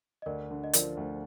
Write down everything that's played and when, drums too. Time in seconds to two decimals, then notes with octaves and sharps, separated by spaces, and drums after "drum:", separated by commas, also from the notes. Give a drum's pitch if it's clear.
0.22 D#5
0.26 D2 A#4 D5
0.51 D3
0.64 D#5
0.73 F3 A#4 D5, drum: hi-hat
0.97 D2